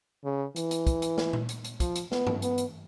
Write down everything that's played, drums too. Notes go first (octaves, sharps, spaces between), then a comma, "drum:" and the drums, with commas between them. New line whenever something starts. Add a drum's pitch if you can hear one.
C#3
E3, drum: hi-hat
drum: hi-hat
drum: kick, hi-hat
drum: hi-hat
drum: snare
drum: tom A#2
drum: hi-hat
drum: hi-hat
F3, drum: kick, hi-hat
drum: hi-hat
B3, drum: snare
drum: tom G2
B3, drum: hi-hat
drum: hi-hat